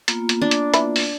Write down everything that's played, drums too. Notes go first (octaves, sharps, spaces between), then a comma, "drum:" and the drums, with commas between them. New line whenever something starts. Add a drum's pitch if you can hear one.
A#3 B3 F4, drum: hi-hat
drum: hi-hat
D4
drum: hi-hat
E3 E5 B5, drum: hi-hat
drum: open hi-hat